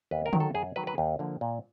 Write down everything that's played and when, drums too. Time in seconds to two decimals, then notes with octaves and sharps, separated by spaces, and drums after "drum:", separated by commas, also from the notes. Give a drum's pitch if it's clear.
0.11 D#2 B4
0.26 A#4
0.33 D#3 F#3, drum: tom D3
0.40 A4
0.54 F#2 G#4
0.76 D#3 F#3 B4
0.87 B4
0.98 D#2
1.19 D3 F3 A#3
1.41 A#2